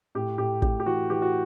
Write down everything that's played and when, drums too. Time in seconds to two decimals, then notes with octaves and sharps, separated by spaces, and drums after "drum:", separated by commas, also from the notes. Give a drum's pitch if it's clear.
0.15 A2 G4
0.38 A2 G4
0.62 A2 G4, drum: kick
0.80 G4
0.86 E3 F#4
1.10 E3 G4
1.22 F#4